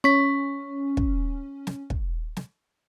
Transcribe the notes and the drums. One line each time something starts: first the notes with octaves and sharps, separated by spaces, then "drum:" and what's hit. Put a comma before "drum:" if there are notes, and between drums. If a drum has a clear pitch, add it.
C#4 C#6 B6
drum: kick
drum: snare
drum: kick
drum: snare